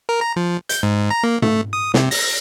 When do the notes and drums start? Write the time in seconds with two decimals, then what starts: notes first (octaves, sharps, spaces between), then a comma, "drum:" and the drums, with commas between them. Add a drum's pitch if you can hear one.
0.09 A#4
0.21 A#5
0.36 F3
0.69 G6, drum: hi-hat
0.83 G#2
1.10 A#5
1.23 A#3
1.42 A3, drum: tom G#2
1.73 D#6
1.94 C3, drum: snare
2.11 A#6, drum: open hi-hat